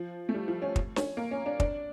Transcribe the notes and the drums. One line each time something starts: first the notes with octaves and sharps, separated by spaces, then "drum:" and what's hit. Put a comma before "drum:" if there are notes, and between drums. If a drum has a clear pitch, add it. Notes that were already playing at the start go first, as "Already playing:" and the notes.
Already playing: F3
A3
G3
F3
C#4
drum: kick
C#4, drum: snare
A#3
C#4
D4
D4, drum: kick